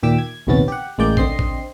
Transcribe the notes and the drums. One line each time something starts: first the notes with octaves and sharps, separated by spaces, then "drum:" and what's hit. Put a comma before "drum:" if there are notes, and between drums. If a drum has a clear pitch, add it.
D#2 A#2 G4 E5 D6 E6
G#6
A#1 D#2 C3 B3 C#4 A6
G4 F#5
A1 G#3 A#3 D5 G5 G6
D3 C4 D#5 C6 C7, drum: kick
drum: kick